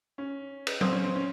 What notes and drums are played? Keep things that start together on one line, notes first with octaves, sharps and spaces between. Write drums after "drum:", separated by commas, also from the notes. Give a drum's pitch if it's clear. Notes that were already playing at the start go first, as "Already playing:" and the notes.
C#4
drum: cymbal
C4, drum: tom F#3
C#4
C4
C#4